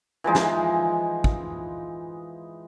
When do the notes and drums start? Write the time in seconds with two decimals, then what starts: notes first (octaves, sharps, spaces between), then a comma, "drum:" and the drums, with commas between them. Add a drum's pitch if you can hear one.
0.24 E3 F3 G#3 D#4
0.35 drum: snare
1.24 drum: kick